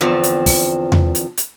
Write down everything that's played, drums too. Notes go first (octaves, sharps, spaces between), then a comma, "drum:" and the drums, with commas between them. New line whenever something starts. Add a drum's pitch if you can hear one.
E2 D3 F3 C4
drum: hi-hat
drum: kick, open hi-hat
drum: tom E2
drum: hi-hat
drum: hi-hat